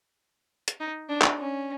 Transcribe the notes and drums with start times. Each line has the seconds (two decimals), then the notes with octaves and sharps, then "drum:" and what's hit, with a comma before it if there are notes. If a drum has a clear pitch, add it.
0.68 drum: hi-hat
0.80 D#4
1.09 D4
1.22 drum: clap
1.38 C#4